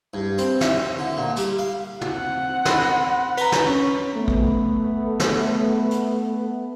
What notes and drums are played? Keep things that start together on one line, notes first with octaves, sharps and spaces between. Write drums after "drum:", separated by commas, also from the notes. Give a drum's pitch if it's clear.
G2
C4, drum: hi-hat
E5, drum: snare
D3
A#2
G3, drum: hi-hat
F5
C4 F#5, drum: tom
B5 C6 A#6, drum: snare
B4 A#5, drum: cymbal
drum: snare
C#4
A3 B3
drum: kick
drum: snare
drum: hi-hat